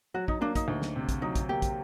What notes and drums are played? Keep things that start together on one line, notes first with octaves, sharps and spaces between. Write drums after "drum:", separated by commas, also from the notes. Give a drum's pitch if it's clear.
F#3 F#4
D#4, drum: kick
A#3 D4
D#4, drum: kick, hi-hat
D2
drum: snare
C3
drum: kick, hi-hat
F#3 D#4
drum: kick, hi-hat
A#3 G4
drum: kick, hi-hat